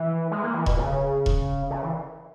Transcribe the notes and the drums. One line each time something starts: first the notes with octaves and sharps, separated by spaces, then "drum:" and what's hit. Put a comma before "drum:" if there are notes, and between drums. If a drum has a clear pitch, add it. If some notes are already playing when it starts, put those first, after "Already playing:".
Already playing: E3
G#3
A#3
E3
B2, drum: kick E1
C#3
drum: kick E1
C#3
E3